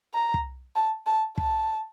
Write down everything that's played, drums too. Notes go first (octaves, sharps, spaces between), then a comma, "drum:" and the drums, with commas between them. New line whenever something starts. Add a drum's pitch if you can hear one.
A#5
drum: kick
A5
A5
A5, drum: kick